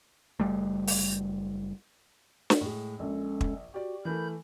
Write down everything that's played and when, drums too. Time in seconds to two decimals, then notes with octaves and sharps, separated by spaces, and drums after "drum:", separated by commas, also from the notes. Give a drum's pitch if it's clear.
0.40 F#1 F#2 G3 A3
0.87 drum: open hi-hat
2.50 drum: snare
2.61 A2 G#3
2.99 A#1 G#3 C#4 A4
3.41 drum: kick
3.74 F#4 G4 D5
4.05 E3 A3 A#4 B5 G6